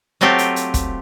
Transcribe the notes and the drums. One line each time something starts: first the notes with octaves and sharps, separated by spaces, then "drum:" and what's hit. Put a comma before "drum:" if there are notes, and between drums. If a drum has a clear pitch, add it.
F#3 A3 C4 F4 G4
drum: hi-hat
drum: hi-hat
drum: kick, hi-hat